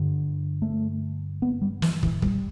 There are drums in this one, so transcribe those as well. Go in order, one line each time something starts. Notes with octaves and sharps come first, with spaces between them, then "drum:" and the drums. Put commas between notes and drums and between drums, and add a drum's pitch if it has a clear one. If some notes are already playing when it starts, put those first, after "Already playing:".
Already playing: G2 D3
A3
B3
G3
E3, drum: snare
E3, drum: kick
G3, drum: kick